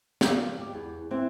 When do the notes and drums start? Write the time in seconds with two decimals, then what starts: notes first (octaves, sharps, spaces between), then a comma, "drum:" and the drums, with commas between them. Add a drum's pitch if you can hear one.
0.21 A#3 D5, drum: snare
0.59 G4
0.73 E2
1.11 E3 C4